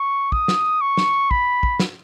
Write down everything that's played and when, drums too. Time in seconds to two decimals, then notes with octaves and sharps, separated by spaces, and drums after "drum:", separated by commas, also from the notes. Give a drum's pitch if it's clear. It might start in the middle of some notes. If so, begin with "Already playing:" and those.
Already playing: C#6
0.32 D#6, drum: kick
0.48 drum: snare
0.81 C#6
0.97 drum: snare
1.31 B5, drum: kick
1.63 drum: kick
1.80 drum: snare